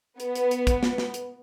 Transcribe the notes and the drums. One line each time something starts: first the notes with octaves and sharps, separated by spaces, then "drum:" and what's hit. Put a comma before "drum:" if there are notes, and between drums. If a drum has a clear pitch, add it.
B3, drum: hi-hat
drum: hi-hat
drum: hi-hat
drum: kick, hi-hat
drum: snare
drum: snare
drum: hi-hat